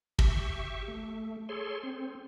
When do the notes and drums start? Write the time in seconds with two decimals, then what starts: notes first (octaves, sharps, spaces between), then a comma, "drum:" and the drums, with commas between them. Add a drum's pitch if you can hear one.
0.19 G4 E5 C#6, drum: kick
0.88 A3
1.49 G#4 A4 C#5 C6
1.83 C4